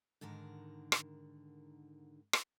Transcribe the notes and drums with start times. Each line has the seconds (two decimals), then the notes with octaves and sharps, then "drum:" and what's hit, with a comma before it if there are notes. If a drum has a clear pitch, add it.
0.21 G#2 D3 D#3 A#4
0.92 drum: rim click
2.33 drum: rim click